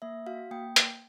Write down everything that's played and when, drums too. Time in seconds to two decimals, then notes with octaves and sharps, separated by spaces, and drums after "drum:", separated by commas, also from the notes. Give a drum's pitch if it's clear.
0.02 A#3 E5
0.26 F#4 F5
0.51 A#3 G5
0.76 drum: hi-hat